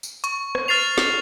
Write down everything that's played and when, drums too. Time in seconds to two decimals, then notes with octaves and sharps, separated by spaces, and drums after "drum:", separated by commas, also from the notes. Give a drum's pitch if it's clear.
0.03 drum: tambourine
0.24 C#6, drum: hi-hat
0.55 drum: rim click
0.68 F6 A6 C7 F7
0.98 drum: snare